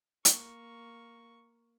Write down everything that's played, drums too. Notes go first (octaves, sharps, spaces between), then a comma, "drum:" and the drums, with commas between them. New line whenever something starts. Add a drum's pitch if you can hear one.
A#3 C#6, drum: hi-hat